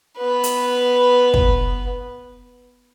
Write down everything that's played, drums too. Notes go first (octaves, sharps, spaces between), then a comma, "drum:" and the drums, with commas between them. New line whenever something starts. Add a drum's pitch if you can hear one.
B3 B4
drum: hi-hat
drum: kick